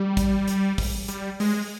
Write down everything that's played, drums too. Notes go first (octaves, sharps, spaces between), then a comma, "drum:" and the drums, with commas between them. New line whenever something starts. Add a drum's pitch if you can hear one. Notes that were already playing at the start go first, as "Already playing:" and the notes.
Already playing: G3
drum: kick, hi-hat
drum: hi-hat
drum: kick, open hi-hat
G3, drum: hi-hat
G#3, drum: open hi-hat